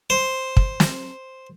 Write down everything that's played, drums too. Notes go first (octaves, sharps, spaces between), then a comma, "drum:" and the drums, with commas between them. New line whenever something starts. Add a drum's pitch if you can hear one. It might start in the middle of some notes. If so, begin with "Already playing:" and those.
C5
drum: kick
drum: snare